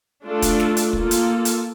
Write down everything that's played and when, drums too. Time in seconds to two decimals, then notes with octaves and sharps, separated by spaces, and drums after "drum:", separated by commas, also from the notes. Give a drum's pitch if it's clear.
0.26 A3 D4 F4 A4
0.42 drum: kick, hi-hat
0.59 drum: snare
0.77 drum: hi-hat
0.93 A#3 F4 A4, drum: kick
1.11 drum: hi-hat
1.45 drum: hi-hat